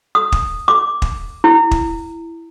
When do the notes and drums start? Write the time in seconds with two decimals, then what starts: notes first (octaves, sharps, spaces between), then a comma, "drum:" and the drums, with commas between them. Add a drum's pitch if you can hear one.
0.15 D#6
0.32 drum: kick
0.68 D6
1.02 drum: kick
1.44 E4
1.71 drum: kick